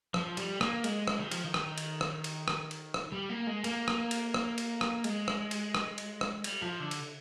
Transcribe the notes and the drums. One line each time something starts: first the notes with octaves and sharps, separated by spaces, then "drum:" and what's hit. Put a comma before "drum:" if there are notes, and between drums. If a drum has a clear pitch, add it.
F3, drum: rim click
G3, drum: cymbal
A#3, drum: rim click
G#3, drum: cymbal
drum: rim click
D#3
F3, drum: cymbal
D#3
drum: rim click
drum: cymbal
drum: rim click
drum: cymbal
drum: rim click
drum: cymbal
drum: rim click
G3
A#3
G#3
A#3, drum: cymbal
drum: rim click
drum: cymbal
drum: rim click
drum: cymbal
drum: rim click
G#3, drum: cymbal
drum: rim click
drum: cymbal
drum: rim click
drum: cymbal
drum: rim click
G3, drum: cymbal
F3
D3
drum: cymbal